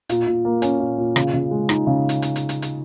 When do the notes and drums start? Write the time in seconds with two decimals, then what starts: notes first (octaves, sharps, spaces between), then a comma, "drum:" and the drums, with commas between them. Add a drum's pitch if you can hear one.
0.09 A#2, drum: hi-hat
0.27 A#2
0.45 A#3
0.62 C#4, drum: hi-hat
0.80 A#2
0.98 A#2
1.16 C#3, drum: rim click
1.34 C#3
1.51 G#3
1.69 D#4, drum: rim click
1.87 C#3
2.09 drum: hi-hat
2.22 drum: hi-hat
2.36 drum: hi-hat
2.49 drum: hi-hat
2.62 drum: hi-hat